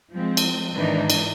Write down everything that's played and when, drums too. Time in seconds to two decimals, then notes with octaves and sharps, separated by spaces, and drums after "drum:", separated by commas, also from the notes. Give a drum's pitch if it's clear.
0.12 F3 G#3 C4
0.37 drum: cymbal
0.73 G#2 D#3 E3 D4 D#4
1.10 drum: cymbal